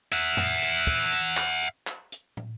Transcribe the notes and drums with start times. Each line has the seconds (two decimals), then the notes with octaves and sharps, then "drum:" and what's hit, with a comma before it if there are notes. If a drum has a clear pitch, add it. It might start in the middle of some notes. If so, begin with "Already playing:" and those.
0.12 E5 F#5, drum: hi-hat
0.37 drum: tom F2
0.62 drum: hi-hat
0.87 drum: kick, hi-hat
1.12 drum: hi-hat
1.37 drum: clap
1.62 drum: hi-hat
1.87 drum: clap
2.12 drum: hi-hat
2.37 drum: tom